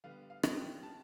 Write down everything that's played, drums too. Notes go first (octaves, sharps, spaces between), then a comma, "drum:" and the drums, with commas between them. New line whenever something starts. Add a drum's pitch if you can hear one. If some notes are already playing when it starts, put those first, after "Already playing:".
D3 G3 B3 F5
F5
drum: rim click
G5
A5